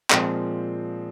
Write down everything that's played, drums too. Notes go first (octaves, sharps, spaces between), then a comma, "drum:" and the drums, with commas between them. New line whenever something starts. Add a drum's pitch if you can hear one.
A#2 F3 G#3 C4, drum: clap